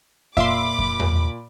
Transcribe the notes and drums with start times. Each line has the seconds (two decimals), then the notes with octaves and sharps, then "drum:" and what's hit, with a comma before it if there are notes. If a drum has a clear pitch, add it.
0.37 A#2 E5 F5 B5 C6 D6, drum: kick F2
0.79 drum: kick F2
1.00 drum: tom E2